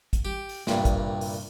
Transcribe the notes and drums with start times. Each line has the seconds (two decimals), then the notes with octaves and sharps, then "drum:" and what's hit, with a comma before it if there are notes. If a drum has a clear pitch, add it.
0.13 drum: kick, hi-hat
0.25 G4
0.49 drum: open hi-hat
0.67 C2 G2 A#2, drum: snare
0.85 drum: kick, hi-hat
1.21 drum: open hi-hat